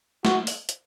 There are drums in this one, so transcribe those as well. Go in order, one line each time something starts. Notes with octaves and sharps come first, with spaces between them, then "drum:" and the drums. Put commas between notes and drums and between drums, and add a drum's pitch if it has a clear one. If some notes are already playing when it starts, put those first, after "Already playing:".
F#4, drum: snare
drum: open hi-hat
drum: hi-hat